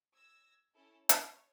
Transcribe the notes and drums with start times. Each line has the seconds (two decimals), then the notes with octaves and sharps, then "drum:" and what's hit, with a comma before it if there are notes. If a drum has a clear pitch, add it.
0.14 E6 G#6 A#6
0.74 C#4 E4 A4
1.09 C#5, drum: hi-hat